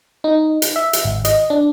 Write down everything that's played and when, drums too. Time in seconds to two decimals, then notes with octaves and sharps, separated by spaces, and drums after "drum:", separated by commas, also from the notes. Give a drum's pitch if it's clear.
0.24 D#4
0.62 drum: hi-hat
0.76 E5
0.93 drum: hi-hat
1.05 G#1
1.25 D#5, drum: hi-hat
1.50 D4